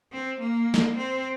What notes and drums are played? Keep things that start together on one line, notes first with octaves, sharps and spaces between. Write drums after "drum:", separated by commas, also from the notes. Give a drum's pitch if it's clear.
C4
A#3
drum: snare
C4